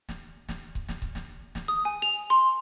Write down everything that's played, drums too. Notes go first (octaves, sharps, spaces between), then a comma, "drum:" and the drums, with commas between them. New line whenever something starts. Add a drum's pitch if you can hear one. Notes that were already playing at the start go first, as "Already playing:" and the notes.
drum: snare
drum: snare
drum: kick C#1
drum: snare
drum: kick C#1
drum: snare
drum: snare
D#6
G#5
F7
C6